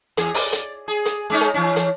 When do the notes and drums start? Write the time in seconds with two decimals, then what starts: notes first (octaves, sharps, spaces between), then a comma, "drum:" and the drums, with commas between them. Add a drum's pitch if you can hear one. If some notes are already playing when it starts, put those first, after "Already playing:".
0.17 E2 G#4, drum: hi-hat
0.34 D5, drum: open hi-hat
0.52 drum: hi-hat
0.88 G#4
1.05 drum: hi-hat
1.30 G#3 C#4 D#4
1.41 drum: hi-hat
1.54 E3 C#4
1.76 drum: hi-hat